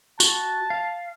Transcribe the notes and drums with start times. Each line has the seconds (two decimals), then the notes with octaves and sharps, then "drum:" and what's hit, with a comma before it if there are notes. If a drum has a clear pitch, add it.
0.20 F#4 A5, drum: tambourine
0.70 F5